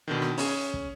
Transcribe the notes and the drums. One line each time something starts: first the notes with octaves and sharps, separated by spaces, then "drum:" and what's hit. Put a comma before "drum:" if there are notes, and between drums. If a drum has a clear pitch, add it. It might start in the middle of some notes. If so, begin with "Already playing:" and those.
B2 D3 D#3
drum: rim click
C#4 G#4, drum: open hi-hat
drum: kick